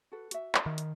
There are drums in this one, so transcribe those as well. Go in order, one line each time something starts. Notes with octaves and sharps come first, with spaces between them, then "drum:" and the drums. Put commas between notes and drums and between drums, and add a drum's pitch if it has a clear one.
F#4 A4 B4
F#4 E5, drum: hi-hat
drum: clap
D#3
drum: hi-hat